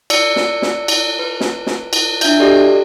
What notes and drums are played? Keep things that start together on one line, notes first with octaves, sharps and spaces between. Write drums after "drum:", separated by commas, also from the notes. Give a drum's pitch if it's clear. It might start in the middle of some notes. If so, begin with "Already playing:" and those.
D5 E6 C#7, drum: cymbal
drum: snare
drum: snare
drum: cymbal
B4
drum: snare
drum: snare
drum: cymbal
D4 E5 G6, drum: cymbal
F#4 G4 A4 D5 D#5